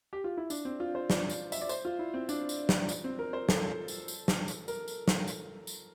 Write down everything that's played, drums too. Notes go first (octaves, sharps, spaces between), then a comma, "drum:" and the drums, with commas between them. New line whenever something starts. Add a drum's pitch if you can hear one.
G4
F4
E4
D4, drum: tambourine
C4
F4
C5
D5, drum: snare
drum: tambourine
E5, drum: tambourine
D5
C5, drum: tambourine
F4
E4
C4
D4, drum: tambourine
drum: tambourine
drum: snare
drum: tambourine
C4
A#4
C5
A4, drum: snare
drum: tambourine
drum: tambourine
drum: snare
drum: tambourine
A#4, drum: tambourine
drum: tambourine
drum: snare
drum: tambourine
drum: tambourine